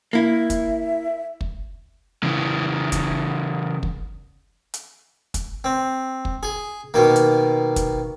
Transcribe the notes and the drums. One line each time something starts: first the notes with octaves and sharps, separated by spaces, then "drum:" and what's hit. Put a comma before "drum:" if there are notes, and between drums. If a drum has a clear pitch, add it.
A#3 E4 E5
drum: kick, hi-hat
drum: kick
C#3 E3
drum: kick, hi-hat
drum: kick
drum: hi-hat
drum: kick, hi-hat
C4
drum: kick
G#4
B2 D#3 A#3
drum: hi-hat
drum: kick, hi-hat